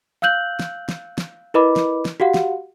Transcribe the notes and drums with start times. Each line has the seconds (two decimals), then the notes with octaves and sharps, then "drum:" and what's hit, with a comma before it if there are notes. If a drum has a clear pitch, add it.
0.22 F5 E6 F#6 G6 F#7
0.59 drum: snare
0.89 drum: snare
1.18 drum: snare
1.54 E4 A#4 B4 D#5 B5 D6
1.76 drum: snare
2.05 drum: snare
2.20 F#4 G4 F5 F#5
2.34 drum: snare